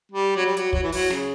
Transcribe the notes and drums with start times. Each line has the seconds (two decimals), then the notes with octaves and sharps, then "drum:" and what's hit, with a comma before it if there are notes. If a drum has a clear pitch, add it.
0.12 G3
0.36 F#3
0.46 G3
0.57 F#3, drum: hi-hat
0.73 F#3, drum: kick
0.83 E3
0.92 F#3, drum: open hi-hat
1.10 C#3, drum: snare